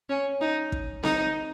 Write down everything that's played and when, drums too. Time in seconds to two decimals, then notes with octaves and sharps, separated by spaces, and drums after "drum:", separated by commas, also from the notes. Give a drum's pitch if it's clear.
0.09 C#4
0.41 D#4
0.72 drum: kick
1.03 D#4, drum: snare C4